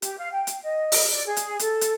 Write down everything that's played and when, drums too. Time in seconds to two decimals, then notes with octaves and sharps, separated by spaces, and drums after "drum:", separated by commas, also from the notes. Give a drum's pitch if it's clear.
0.02 G4, drum: hi-hat
0.17 F5
0.31 G5
0.47 drum: hi-hat
0.62 D#5
0.92 drum: open hi-hat
1.10 D5
1.25 G#4
1.36 drum: hi-hat
1.59 A4, drum: hi-hat
1.81 drum: hi-hat